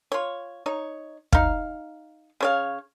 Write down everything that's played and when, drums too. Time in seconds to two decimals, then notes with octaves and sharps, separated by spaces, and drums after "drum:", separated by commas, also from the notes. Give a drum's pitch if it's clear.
0.12 F4 C#5
0.66 D#4 C#5
1.32 D#4 F5, drum: kick
2.40 C#3 C#5 F5